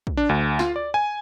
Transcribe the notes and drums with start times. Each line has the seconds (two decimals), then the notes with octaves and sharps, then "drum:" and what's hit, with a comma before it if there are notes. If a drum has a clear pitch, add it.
0.07 drum: kick
0.17 D4
0.29 D2
0.59 F4, drum: snare
0.76 D5
0.94 G#5